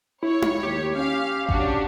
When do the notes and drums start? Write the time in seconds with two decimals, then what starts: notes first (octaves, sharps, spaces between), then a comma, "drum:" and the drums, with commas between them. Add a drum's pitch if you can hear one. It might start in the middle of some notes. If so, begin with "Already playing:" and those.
0.23 E4 C#5
0.42 drum: tom D#4
0.63 D#2 G4
0.95 C#4 F5
1.49 D4 F#4, drum: kick G#1